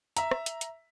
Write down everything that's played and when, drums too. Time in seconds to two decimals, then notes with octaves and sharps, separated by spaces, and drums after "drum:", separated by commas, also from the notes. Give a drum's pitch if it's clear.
0.17 E5 A#5, drum: hi-hat
0.31 drum: rim click
0.46 drum: hi-hat
0.61 drum: hi-hat